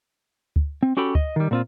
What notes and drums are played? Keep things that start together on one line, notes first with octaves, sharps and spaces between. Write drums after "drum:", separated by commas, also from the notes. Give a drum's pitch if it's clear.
drum: kick D2
C4
C#4 F#4 G4 A4 B5
D#5, drum: kick D2
D#3 G3
A#2 C4 F4